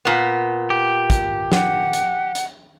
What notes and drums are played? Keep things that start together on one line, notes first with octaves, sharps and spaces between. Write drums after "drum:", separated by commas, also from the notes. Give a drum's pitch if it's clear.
A#2 B3
G4
drum: kick, hi-hat
F#5, drum: snare
drum: hi-hat
drum: hi-hat